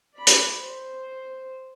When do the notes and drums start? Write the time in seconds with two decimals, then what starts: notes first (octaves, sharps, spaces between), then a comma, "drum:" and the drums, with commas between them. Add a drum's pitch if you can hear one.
0.15 D5 B5
0.27 drum: hi-hat
0.60 C5